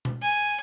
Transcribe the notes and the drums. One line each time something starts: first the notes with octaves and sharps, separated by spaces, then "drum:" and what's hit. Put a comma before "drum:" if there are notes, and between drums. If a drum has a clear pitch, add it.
drum: tom B2
G#5